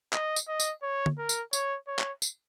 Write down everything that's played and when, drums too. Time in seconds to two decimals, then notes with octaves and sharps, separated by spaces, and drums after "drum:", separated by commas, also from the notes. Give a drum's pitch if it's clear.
0.13 D#5, drum: clap
0.36 drum: tambourine
0.48 D#5
0.60 drum: tambourine
0.83 C#5
1.06 drum: tom
1.18 A#4
1.29 drum: tambourine
1.53 C#5, drum: tambourine
1.87 C#5
1.99 drum: clap
2.22 drum: tambourine